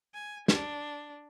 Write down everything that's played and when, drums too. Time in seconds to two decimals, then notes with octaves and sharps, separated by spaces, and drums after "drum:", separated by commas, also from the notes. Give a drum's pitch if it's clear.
0.14 G#5
0.48 D4, drum: snare